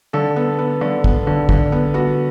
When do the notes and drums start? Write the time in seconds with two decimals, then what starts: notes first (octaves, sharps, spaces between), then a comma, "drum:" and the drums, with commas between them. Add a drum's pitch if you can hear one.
0.13 D3 A4
0.36 B3
0.59 B3
0.81 D3
1.04 B3, drum: kick
1.27 D3
1.49 D3, drum: kick
1.72 B3
1.94 B3 F#4